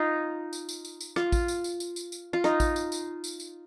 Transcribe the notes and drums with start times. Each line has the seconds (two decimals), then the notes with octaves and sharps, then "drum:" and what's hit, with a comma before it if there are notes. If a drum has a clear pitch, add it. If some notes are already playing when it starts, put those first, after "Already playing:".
Already playing: D#4 F4
0.53 drum: tambourine
0.69 drum: tambourine
0.85 drum: tambourine
1.01 drum: tambourine
1.16 F4, drum: rim click
1.32 drum: kick A1, tambourine
1.48 drum: tambourine
1.64 drum: tambourine
1.80 drum: tambourine
1.96 drum: tambourine
2.12 drum: tambourine
2.33 F4
2.44 D#4, drum: rim click
2.60 drum: kick A1, tambourine
2.76 drum: tambourine
2.92 drum: tambourine
3.24 drum: tambourine
3.40 drum: tambourine